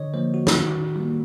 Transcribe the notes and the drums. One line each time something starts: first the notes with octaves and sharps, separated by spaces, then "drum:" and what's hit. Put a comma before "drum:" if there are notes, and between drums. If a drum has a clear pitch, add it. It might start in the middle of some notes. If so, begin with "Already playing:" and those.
Already playing: D3 C#5 D#5
F3 A#3 C5
F#4
F4, drum: snare
D#3 F#4
G3 A#3